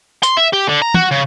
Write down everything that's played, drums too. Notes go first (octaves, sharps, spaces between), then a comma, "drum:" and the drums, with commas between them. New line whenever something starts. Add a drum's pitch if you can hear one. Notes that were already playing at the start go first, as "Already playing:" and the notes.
C6, drum: hi-hat
E5
G4
D3
A#5
F#4, drum: tom
C#3